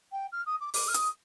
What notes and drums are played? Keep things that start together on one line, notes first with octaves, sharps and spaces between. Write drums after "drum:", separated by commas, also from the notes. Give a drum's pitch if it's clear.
G5
F6
D#6
D6
D6, drum: open hi-hat
F6
D#6, drum: hi-hat